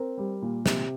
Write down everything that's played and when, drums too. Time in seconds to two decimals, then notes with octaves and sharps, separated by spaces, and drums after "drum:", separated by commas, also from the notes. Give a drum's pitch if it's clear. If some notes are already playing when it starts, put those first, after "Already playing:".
Already playing: C4 A#4
0.18 G3
0.42 A#2
0.66 C3, drum: snare